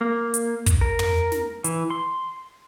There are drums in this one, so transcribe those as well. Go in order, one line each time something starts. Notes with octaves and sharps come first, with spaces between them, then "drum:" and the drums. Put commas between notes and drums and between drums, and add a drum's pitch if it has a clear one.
A#3
drum: hi-hat
drum: kick, hi-hat
A#4
drum: tom
drum: snare
E3, drum: hi-hat
C6